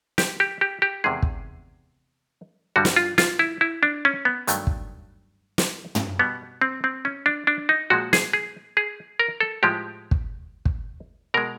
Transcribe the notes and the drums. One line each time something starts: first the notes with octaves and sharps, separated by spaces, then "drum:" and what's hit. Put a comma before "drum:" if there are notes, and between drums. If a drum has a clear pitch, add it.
G4, drum: snare
G4
G4
G4
E2 C3 D#3 G#3 G#4
drum: kick
G2 D3 G3 F#4
drum: snare
F4
F4, drum: snare
E4
E4
D4
C#4
B3
G2 D#3 F#3 A3, drum: hi-hat
drum: kick
drum: snare
drum: tom
B2 G3 B3
C4
C4
C#4
D4
D4
D#4
A#2 F3 G#3 F#4
G#4, drum: snare
G#4
G#4
A#4
A4
A2 F3 G#3 G4
drum: kick
drum: kick
B2 G#3 A#4